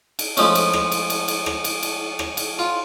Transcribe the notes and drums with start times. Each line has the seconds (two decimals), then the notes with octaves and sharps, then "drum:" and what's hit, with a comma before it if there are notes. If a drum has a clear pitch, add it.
0.19 drum: cymbal
0.37 F3 G#3 A3 C#4, drum: cymbal
0.55 drum: cymbal
0.73 drum: rim click
0.92 drum: cymbal
1.10 drum: cymbal
1.28 drum: cymbal
1.46 drum: rim click
1.64 drum: cymbal
1.83 drum: cymbal
2.19 drum: rim click
2.37 drum: cymbal
2.59 F4